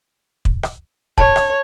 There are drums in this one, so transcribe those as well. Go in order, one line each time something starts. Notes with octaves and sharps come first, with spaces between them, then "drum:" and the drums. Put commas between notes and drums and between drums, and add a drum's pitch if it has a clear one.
drum: kick
drum: rim click
C#5 A5, drum: kick
drum: rim click